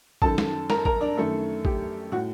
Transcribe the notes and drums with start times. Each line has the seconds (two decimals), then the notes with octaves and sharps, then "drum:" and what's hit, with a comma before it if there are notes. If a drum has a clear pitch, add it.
0.22 F#2 D#3 A4 A5, drum: kick
0.38 drum: snare
0.70 A#4 A#5, drum: snare
0.85 A#4 A#5, drum: kick
1.01 D4 D5
1.17 F#2 D#3 A3 A4
1.65 G4, drum: kick
2.12 A2 F#4